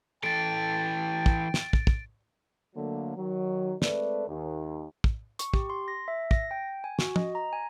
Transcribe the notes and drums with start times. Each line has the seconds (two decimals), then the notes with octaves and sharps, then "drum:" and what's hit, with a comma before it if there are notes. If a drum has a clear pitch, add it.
0.23 E3 A4 G5 A6 D7
1.26 drum: kick
1.54 drum: snare
1.73 drum: kick
1.87 drum: kick
2.76 D3 F#3 A3 A#3
3.17 D#3 F#3
3.82 G#3 A3 C4 A4 B4 D5, drum: snare
4.28 D#2
5.04 drum: kick
5.39 C#6, drum: hi-hat
5.54 G4, drum: kick
5.70 C6
5.88 A#6
6.08 E5
6.31 A#6, drum: kick
6.51 G5
6.84 G#5
6.99 F#4, drum: snare
7.16 D#5, drum: tom
7.35 A#5
7.53 G#5